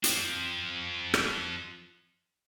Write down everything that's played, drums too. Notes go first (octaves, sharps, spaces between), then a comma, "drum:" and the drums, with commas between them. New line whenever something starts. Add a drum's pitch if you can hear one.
F3 C4, drum: hi-hat
drum: rim click